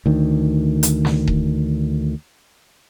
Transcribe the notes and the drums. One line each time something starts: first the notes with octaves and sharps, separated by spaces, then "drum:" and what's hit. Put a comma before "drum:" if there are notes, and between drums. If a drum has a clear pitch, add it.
D2 D#3
drum: hi-hat
drum: snare
drum: kick D#1